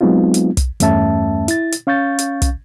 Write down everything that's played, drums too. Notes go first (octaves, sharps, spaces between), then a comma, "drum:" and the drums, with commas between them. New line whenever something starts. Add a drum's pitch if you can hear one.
F#3 G#3 B3 C4 D#4 F4
drum: hi-hat
drum: kick, hi-hat
E2 G2 A3 C#4 E5 A5, drum: hi-hat
E4 A6, drum: hi-hat
drum: hi-hat
C#4 F5 C#6 G6 A6
drum: hi-hat
drum: kick, hi-hat